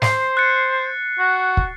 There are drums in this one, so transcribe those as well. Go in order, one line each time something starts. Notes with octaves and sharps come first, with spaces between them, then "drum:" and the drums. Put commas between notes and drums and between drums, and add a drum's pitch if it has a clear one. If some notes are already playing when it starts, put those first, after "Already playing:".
C5 C7, drum: snare
F#6 A6 C#7
F#4
drum: kick